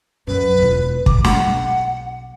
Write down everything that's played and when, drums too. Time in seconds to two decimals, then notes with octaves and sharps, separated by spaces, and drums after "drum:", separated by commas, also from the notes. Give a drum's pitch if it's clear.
0.27 F#2 F#3 B4
0.59 E1 F4
1.06 B1 D6, drum: kick
1.24 F#5, drum: snare